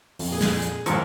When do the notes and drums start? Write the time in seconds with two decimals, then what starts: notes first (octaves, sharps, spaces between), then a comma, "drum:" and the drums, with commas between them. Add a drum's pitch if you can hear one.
0.19 F2, drum: open hi-hat
0.32 A#2 G#4
0.41 drum: snare
0.62 drum: hi-hat
0.86 D#2 G#2 F3 A#4 C#6, drum: hi-hat